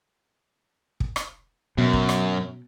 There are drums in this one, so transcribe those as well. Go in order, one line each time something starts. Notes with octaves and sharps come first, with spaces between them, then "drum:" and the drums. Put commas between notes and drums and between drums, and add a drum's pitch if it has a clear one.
drum: kick
drum: rim click
F#2 B2
drum: kick
drum: rim click